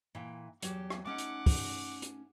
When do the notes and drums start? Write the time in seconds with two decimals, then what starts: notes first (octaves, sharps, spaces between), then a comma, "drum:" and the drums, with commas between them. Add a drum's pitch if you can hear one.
0.15 A#2 E3 G5
0.62 E2 F#3 G4, drum: hi-hat
0.90 drum: rim click
1.06 A3 C#4 D#4 F#5 D6
1.18 drum: hi-hat
1.46 drum: kick, open hi-hat
2.02 drum: hi-hat